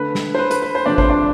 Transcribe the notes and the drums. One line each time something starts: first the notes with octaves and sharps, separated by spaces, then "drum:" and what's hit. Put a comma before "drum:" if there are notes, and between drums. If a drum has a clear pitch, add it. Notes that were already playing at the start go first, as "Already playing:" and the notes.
Already playing: D3 A3 B4
drum: snare
C5
B4
B4, drum: hi-hat
B4
C5
C3 F3 A3 D4 D5
C5, drum: kick
D4 D5